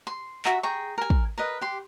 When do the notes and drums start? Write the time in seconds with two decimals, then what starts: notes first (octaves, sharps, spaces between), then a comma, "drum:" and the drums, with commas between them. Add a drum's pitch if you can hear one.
0.07 C6
0.45 F#4 E5 A#5 C#6, drum: clap
0.63 G#4 G5 A#5 C#6
0.98 A#4 G#5
1.10 drum: kick
1.38 A#4 B4 D#5
1.61 G4 C6